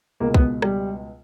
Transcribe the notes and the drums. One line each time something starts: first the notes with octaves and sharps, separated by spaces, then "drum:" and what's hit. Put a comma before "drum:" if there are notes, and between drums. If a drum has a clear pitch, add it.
C#2 B2 A#3
B3, drum: kick B1
G3, drum: rim click